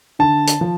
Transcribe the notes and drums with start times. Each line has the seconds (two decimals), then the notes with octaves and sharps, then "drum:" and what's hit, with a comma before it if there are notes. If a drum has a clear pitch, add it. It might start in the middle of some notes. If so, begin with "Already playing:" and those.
0.19 D3 A5
0.47 drum: hi-hat
0.61 F3